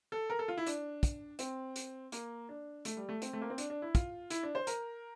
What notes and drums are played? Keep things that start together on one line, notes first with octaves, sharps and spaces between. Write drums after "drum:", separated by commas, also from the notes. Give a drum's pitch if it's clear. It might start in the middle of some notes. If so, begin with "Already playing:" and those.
A4
A#4
A4
F4
E4
D4, drum: hi-hat
drum: kick, hi-hat
C4, drum: hi-hat
drum: hi-hat
A#3, drum: hi-hat
D4
A3, drum: hi-hat
G3
A3
C4, drum: hi-hat
A3
A#3
C4
D4, drum: hi-hat
D4
E4
F4, drum: kick, hi-hat
E4, drum: hi-hat
D4
C5
A#4, drum: hi-hat